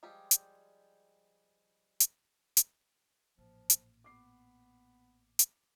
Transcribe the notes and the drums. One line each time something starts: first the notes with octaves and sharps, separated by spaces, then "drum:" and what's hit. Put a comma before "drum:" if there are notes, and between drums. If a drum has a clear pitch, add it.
F3 G3 G#3 G4
drum: hi-hat
drum: hi-hat
drum: hi-hat
A1 A#2 F3
drum: hi-hat
B3 D6 C7
drum: hi-hat